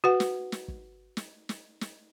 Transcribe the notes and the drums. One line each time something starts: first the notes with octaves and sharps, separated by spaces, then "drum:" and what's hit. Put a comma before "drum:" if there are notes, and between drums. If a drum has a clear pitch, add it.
F#4 B4 F#5
drum: snare
drum: snare
drum: kick
drum: snare
drum: snare
drum: snare